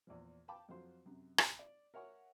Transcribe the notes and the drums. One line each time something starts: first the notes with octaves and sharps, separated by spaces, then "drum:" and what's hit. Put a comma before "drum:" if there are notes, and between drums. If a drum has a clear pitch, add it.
E2 A#2 F3
F5 G5 A5 B5 D6
F2 F3 F#3 C5 C6
F#2 C3
drum: rim click
D5
A#4 C#5 E5 F#5 G#5 C#6